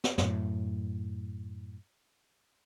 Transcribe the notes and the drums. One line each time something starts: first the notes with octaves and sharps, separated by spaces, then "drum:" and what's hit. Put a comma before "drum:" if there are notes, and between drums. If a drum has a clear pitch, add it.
drum: snare
F#2 A2, drum: snare